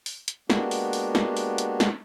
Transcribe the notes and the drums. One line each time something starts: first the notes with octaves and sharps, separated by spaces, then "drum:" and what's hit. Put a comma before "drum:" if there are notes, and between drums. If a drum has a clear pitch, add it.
drum: open hi-hat
drum: hi-hat
G#3 A#3 B3 D4 F#4 G4, drum: snare
drum: open hi-hat
drum: open hi-hat
drum: snare
drum: open hi-hat
drum: hi-hat
drum: snare